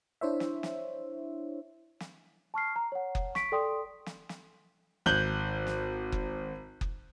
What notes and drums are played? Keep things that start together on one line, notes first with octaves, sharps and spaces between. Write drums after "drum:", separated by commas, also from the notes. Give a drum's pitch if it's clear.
D4 E4 C5 C#5 E5
drum: snare
drum: snare
drum: snare
A5 C#6 F6 C7
A#5
C#5 F#5
drum: kick F#1
C#6 B6 D7, drum: snare
A4 D5 G5 C6 D#6
drum: snare
drum: snare
G#1 F#6 G6 F#7 G7
drum: snare
drum: kick F#1
drum: kick F#1